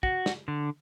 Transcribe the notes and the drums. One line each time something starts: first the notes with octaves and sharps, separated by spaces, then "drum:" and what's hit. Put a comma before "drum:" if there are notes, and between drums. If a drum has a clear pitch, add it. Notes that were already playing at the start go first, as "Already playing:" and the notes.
F#4, drum: kick
drum: snare
D3